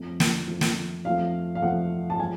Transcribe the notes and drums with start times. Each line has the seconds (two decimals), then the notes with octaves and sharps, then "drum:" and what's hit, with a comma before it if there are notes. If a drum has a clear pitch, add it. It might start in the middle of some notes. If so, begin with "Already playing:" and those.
Already playing: F2 F3 A3
0.20 drum: snare
0.47 F2 F3 A3
0.61 drum: snare
1.04 F2 F3 A3 F5
1.55 F5
1.62 F2 F3 A3 F#5
2.10 A5
2.19 F3 G#3 G#5